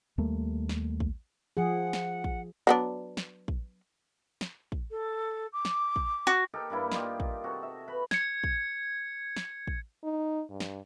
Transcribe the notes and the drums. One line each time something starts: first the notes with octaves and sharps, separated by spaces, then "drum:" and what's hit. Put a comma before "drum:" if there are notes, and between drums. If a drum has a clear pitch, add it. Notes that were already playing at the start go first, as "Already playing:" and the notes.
D#2 G3 A3 A#3
drum: snare
drum: kick
F3 G#4 F#5
drum: snare
drum: kick
F#3 B3 D4
drum: snare
drum: kick
drum: snare
drum: kick
A4
D6
drum: snare
drum: kick
F#4
D#4 G4 A4 A#4
G2 G3 A#3 E4
D#4 F4 G4, drum: snare
drum: kick
C3 F#4 A4
E5
B4 B5
G#6 C#7, drum: snare
drum: kick
drum: snare
drum: kick
D#4
G2
drum: snare